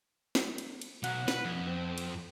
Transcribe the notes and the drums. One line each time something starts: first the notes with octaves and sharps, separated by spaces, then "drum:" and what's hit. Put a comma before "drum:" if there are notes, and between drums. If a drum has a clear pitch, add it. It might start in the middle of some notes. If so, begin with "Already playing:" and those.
drum: snare
drum: cymbal
drum: cymbal
B1 F#3 F#5, drum: cymbal
B4, drum: snare
F2
C4
drum: cymbal